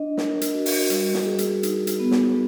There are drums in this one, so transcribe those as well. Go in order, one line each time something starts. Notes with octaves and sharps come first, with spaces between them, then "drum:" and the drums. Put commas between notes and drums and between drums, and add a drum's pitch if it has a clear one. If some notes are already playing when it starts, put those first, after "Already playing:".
Already playing: D4 D#5
A#4, drum: snare
drum: hi-hat
F#4
drum: open hi-hat
G3, drum: hi-hat
drum: snare
G#4
drum: hi-hat
D#4, drum: hi-hat
drum: hi-hat
B3
drum: snare